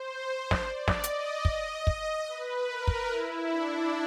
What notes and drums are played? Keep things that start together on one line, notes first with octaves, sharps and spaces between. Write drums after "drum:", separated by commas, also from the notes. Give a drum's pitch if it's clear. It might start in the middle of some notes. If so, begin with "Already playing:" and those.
Already playing: C5
drum: snare
D5
drum: snare
D#5, drum: hi-hat
D#5, drum: kick
drum: kick
B4
A#4
drum: kick
E4
D4